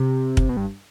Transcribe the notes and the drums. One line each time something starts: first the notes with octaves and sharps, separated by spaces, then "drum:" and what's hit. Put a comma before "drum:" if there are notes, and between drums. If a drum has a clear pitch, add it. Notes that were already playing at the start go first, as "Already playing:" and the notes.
Already playing: C3
drum: kick
B2
G2